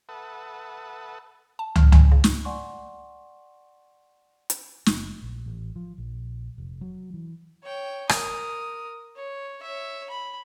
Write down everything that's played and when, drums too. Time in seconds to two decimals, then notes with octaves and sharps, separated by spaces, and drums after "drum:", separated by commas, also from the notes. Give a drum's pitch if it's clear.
0.09 A4 B4 E5 F#5 A5 D#6
1.59 A5
1.76 F6, drum: tom
1.92 G#5, drum: tom
2.12 C#3
2.24 drum: snare
2.45 D5 F#5 G#5 C6 C#6
4.50 drum: hi-hat
4.86 F#1, drum: snare
5.22 A#1
5.46 A1
5.76 F3
5.98 A#1
6.58 F1
6.81 F#3
7.14 E3
7.63 C#5 G5
8.09 A#4 D#6, drum: rim click
9.16 C#5
9.62 C#5 E5
10.10 B5